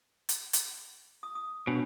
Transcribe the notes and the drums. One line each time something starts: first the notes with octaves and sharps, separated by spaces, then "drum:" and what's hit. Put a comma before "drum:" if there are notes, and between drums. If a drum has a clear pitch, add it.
drum: hi-hat
drum: hi-hat
D#6
D#6
B2 D4 C#5